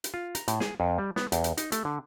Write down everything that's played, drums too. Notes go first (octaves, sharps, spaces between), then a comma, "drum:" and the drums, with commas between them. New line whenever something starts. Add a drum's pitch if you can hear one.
drum: hi-hat
F4
A#5, drum: hi-hat
A2, drum: hi-hat
G#4, drum: snare
F2
G3
B3, drum: snare
E2, drum: hi-hat
drum: hi-hat
D#4, drum: hi-hat
A3, drum: hi-hat
D3